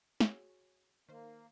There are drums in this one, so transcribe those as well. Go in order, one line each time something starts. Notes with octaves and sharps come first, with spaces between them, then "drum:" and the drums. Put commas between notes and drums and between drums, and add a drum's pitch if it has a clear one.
F#4 G#4 C#5, drum: snare
D#3 A#3 C5